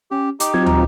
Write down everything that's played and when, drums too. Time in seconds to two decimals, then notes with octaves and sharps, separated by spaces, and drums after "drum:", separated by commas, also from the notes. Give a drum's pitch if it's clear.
0.11 C#4 G4
0.40 D#4 G4 D6, drum: hi-hat
0.54 F#3 C4 F4 G#6
0.66 A#5, drum: tom